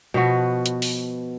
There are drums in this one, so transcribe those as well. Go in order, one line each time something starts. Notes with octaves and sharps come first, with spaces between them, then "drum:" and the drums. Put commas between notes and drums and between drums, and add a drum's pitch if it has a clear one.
B2 F3 B3 F#4
drum: hi-hat
drum: open hi-hat